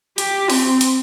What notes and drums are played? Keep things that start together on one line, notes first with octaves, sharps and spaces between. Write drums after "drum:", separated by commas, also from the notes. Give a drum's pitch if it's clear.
G4, drum: hi-hat
C4, drum: open hi-hat
drum: hi-hat